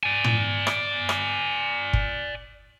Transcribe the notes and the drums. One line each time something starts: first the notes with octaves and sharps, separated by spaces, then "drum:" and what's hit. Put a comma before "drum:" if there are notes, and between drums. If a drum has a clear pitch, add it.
D5 G#5
drum: tom
drum: rim click
drum: rim click
drum: kick G1